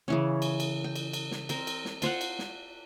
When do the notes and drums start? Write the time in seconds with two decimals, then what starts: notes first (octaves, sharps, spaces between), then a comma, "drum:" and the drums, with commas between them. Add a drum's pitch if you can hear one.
0.08 C#3 E3 C#4
0.42 drum: cymbal
0.60 drum: cymbal
0.84 G5
0.96 drum: cymbal
1.13 drum: cymbal
1.31 drum: snare
1.49 C4 A#4, drum: cymbal
1.67 drum: cymbal
1.85 drum: snare
2.02 F4 C5 F5 F#5, drum: cymbal
2.21 drum: cymbal
2.39 drum: snare